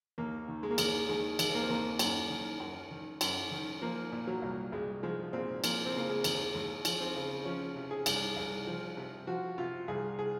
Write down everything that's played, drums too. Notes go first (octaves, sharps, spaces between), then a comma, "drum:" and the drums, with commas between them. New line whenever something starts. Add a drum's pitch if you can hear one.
D#2 A#3
D#3
G#3
A#3
D#2 G#3, drum: cymbal
D#3 G#3
D#2, drum: cymbal
A#3
C4
D#3 A#3
F#2, drum: cymbal
D#3
F#2
D#3
F#2, drum: cymbal
D#3
F3 A#3
A#2
F#3
C2
C2 G#3
F3 G#3
A#2 C4
F3 A#3, drum: cymbal
C4
C#3 A#3
G#3
D#2, drum: cymbal
D#2 G#3
F3, drum: cymbal
C4
C#3
F3 C#4
C3
G#4
C2, drum: cymbal
C2
F3
C3
F3 F#4
C3 F4
C2 G#4
G#4